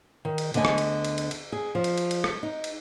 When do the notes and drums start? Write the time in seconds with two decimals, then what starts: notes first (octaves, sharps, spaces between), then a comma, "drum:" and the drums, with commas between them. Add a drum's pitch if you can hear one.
0.25 D#3
0.38 drum: cymbal
0.54 D2 D3 B3 D#5 G#5, drum: cymbal
0.65 drum: rim click
0.78 drum: cymbal
1.05 drum: cymbal
1.18 drum: cymbal
1.31 drum: cymbal
1.52 G#4
1.75 F3
1.84 drum: cymbal
1.98 drum: cymbal
2.11 drum: cymbal
2.24 drum: rim click
2.43 D#4
2.64 drum: cymbal